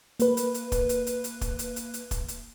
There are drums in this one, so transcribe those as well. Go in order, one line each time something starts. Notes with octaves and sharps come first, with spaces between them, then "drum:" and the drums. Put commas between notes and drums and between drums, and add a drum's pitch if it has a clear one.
A#3 B4, drum: hi-hat
drum: hi-hat
drum: hi-hat
drum: kick, hi-hat
drum: hi-hat
drum: hi-hat
drum: hi-hat
drum: kick, hi-hat
drum: hi-hat
drum: hi-hat
drum: hi-hat
drum: kick, hi-hat
drum: hi-hat